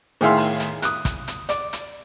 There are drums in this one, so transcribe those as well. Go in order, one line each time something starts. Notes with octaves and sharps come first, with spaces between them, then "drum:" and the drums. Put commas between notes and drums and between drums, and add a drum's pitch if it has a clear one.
A2 D#3 G#4 E5 F5 C6
drum: open hi-hat
drum: hi-hat
D#6 F#6, drum: hi-hat
drum: kick, hi-hat
drum: hi-hat
D5, drum: hi-hat
drum: hi-hat